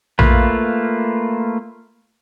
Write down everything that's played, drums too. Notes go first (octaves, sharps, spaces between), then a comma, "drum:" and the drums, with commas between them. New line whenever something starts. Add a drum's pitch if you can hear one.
A3 A#3 F4 B4, drum: tom A#1